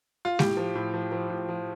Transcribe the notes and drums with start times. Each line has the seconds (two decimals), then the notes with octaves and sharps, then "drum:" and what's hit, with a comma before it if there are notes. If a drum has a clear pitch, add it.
0.25 F4
0.39 A2 G4, drum: snare G#3
0.57 F3
0.75 A2
0.94 F3
1.12 F3
1.30 A2
1.49 F3